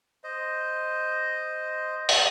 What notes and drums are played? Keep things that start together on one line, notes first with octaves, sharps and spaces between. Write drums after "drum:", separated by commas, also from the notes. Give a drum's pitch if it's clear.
C5 D#5
drum: open hi-hat